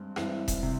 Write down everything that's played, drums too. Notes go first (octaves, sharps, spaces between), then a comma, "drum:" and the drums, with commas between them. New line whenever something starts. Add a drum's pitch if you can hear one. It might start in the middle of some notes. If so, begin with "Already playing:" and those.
Already playing: G2 G#3 C4
G2 E3 G#3 C4 E4, drum: rim click
drum: kick E1, hi-hat
C3